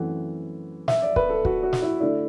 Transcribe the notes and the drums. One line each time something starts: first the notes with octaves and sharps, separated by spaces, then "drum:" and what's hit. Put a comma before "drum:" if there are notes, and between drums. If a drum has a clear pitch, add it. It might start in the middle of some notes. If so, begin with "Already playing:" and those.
Already playing: F#2 E3 A3 C4 F#5
E5, drum: snare
D5
B4, drum: kick
A4
F#4, drum: kick
F#4
drum: snare
E4
D3 A3 D4 E4